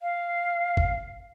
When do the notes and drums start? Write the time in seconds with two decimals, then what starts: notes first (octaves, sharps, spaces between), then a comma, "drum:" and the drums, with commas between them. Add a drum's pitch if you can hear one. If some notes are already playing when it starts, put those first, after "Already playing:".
0.02 F5
0.77 drum: kick F#1